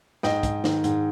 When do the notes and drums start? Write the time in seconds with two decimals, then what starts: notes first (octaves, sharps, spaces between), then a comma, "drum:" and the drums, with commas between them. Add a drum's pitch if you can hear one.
0.23 G#2 D#5 G5, drum: snare
0.43 G#2, drum: kick, hi-hat
0.64 D#3, drum: snare
0.84 G#2, drum: hi-hat